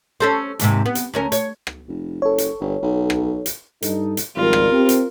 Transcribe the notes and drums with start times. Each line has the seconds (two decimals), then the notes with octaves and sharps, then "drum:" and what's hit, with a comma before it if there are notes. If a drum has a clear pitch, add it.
0.20 C#4 A4 C5
0.59 D#2 G#2 C3, drum: hi-hat
0.86 B3
0.95 drum: hi-hat
1.14 D2 C#4 A#4
1.32 C#5, drum: hi-hat
1.67 drum: rim click
1.88 F1
2.22 F#1 A4 C#5
2.38 drum: hi-hat
2.60 G1
2.82 B1
3.10 drum: rim click
3.46 drum: hi-hat
3.82 G2 D#4 A4, drum: hi-hat
4.17 drum: hi-hat
4.36 G#1 F3 G3 F4 A#4
4.53 drum: rim click
4.72 C4 G4
4.89 drum: hi-hat